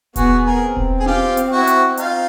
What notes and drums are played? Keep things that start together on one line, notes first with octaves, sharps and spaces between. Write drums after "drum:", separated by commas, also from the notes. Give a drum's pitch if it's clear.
B3 F#4 G#4, drum: kick E1, hi-hat
G#4 A#4
C4
drum: kick E1
G#4
F4 G4, drum: tom C4
drum: hi-hat
E4 F#4
drum: hi-hat
D#4 F4, drum: hi-hat